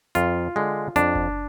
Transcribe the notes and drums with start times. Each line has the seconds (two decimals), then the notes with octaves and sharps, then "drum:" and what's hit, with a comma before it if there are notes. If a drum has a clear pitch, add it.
0.15 F2 F4, drum: hi-hat
0.56 D3 G#3
0.96 F2 D4, drum: hi-hat
1.15 drum: kick F#1